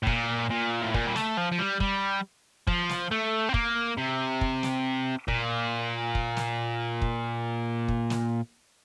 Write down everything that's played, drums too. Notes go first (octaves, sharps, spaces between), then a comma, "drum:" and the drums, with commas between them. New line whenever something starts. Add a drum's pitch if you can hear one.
A2
A#2, drum: kick
A#2
A2
A#2, drum: kick
G3
A3, drum: snare
F3
F3
G3
G3, drum: kick
F3, drum: kick
drum: snare
A3
C4
A#3, drum: kick
C3
drum: kick
drum: snare
A#2, drum: kick
drum: kick
drum: snare
drum: kick
drum: kick
drum: snare